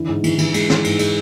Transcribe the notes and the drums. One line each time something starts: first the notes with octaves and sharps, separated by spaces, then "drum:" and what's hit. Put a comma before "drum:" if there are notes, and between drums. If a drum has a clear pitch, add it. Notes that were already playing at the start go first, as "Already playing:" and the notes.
Already playing: D3 E3
G#2
E3, drum: cymbal
E3, drum: cymbal
G#3, drum: cymbal
E3, drum: snare
G#2, drum: cymbal
G#3, drum: cymbal